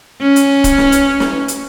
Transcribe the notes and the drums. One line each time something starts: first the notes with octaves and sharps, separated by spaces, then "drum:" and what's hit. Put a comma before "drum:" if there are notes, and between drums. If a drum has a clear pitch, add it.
C#4
drum: hi-hat
drum: kick, hi-hat
drum: snare
drum: hi-hat
drum: snare
drum: hi-hat